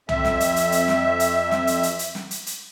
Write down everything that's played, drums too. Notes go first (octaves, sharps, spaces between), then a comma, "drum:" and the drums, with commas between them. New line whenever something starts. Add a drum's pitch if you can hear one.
F2 E5, drum: tom C2
drum: snare
drum: hi-hat
drum: hi-hat
drum: hi-hat
drum: snare
drum: hi-hat
drum: snare
drum: hi-hat
drum: hi-hat
drum: hi-hat
drum: snare
drum: hi-hat
drum: hi-hat